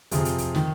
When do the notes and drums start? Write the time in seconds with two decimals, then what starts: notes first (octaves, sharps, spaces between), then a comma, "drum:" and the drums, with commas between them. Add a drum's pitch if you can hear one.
0.11 F2 C3 F3 F4 G#4, drum: kick, hi-hat
0.25 drum: hi-hat
0.38 drum: kick, hi-hat
0.55 D#3, drum: snare